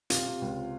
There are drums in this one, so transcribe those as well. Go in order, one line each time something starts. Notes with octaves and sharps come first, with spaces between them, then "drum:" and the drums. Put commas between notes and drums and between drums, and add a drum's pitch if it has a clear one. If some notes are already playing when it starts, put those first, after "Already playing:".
C3 F4, drum: hi-hat
C3
C#2